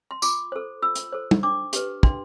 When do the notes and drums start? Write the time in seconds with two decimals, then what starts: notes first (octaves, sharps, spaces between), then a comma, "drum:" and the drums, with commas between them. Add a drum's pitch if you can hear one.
0.11 C6
0.22 F4 D6, drum: tambourine
0.52 A4 C5
0.82 F4 E6
0.95 drum: hi-hat
1.12 A4 C5
1.31 drum: tom
1.43 D4 D6
1.73 G4 B4, drum: hi-hat
2.03 D4 C6, drum: kick